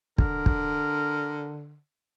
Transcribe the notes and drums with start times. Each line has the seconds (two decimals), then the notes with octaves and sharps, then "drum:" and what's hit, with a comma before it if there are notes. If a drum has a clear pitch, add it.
0.18 D3 A#4, drum: kick
0.46 drum: kick